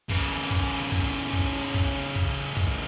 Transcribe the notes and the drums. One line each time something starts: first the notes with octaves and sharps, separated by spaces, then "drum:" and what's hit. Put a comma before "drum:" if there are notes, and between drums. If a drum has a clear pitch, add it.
C#3 E3, drum: kick
drum: kick
drum: kick
drum: kick
drum: kick
drum: kick
drum: kick